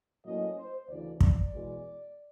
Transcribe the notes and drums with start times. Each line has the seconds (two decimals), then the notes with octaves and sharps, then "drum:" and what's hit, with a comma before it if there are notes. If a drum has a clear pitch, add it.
0.25 A2 F#3 A#3 C#4 D#5
0.56 C5
0.88 D2 C#3 E3 D5
1.20 D5, drum: kick
1.53 E2 B2 G#3